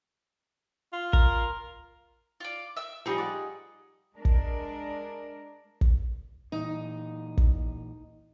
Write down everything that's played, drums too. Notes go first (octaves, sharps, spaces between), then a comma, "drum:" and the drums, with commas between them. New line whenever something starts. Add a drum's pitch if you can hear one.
F4
A#4, drum: kick
F4 D5
E5 E6
F3 G3 D#4 G#4 D#5
D5 F#5
G#3 D4 A#4
drum: kick
drum: kick
A#2 E3 D#4
drum: kick